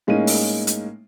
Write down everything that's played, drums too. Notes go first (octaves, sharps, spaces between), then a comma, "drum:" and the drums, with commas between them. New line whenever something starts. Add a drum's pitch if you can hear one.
A2 G#3 A#3 C#4 D#4 D#7
drum: open hi-hat
drum: hi-hat